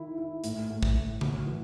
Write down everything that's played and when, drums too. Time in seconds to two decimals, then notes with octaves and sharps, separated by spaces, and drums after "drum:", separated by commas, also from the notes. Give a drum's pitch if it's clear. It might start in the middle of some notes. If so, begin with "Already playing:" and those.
Already playing: D#3 E4
0.18 E4
0.44 A2, drum: hi-hat
0.70 A2
0.83 drum: kick
0.95 A2
1.21 F#4, drum: tom C#3
1.47 E3